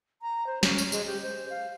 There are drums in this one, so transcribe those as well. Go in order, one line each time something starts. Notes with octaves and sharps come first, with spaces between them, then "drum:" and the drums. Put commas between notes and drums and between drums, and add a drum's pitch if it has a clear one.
A#5
C5
C#4, drum: snare
drum: tambourine
G#3, drum: tambourine
G4
C5
F5